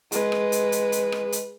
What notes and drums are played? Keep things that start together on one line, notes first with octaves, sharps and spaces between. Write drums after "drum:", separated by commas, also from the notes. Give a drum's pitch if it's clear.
G#3 B4, drum: hi-hat
drum: rim click
drum: hi-hat
drum: hi-hat
drum: hi-hat
drum: rim click
drum: hi-hat